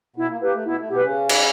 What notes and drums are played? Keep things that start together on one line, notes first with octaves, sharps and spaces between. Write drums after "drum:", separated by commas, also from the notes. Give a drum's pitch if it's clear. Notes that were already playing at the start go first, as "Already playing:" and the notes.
B2 B3 E4
A#3
A#3 G4 B4
A3
B2 B3 E4
A3
B2 B3 G4 B4
C#3 C#4
drum: cymbal